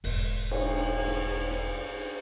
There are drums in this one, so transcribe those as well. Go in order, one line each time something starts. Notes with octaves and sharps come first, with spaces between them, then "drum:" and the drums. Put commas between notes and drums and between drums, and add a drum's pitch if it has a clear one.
E1 G#2, drum: open hi-hat
drum: cymbal
drum: hi-hat
drum: snare
drum: snare